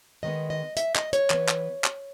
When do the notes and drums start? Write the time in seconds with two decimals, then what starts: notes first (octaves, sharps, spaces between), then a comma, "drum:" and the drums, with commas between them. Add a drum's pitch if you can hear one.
0.23 D#3 G#3 B3 D#5
0.50 D#5
0.77 E5, drum: hi-hat
0.96 D#5, drum: clap
1.13 C#5, drum: hi-hat
1.30 E3 B3, drum: clap
1.48 drum: clap
1.84 drum: clap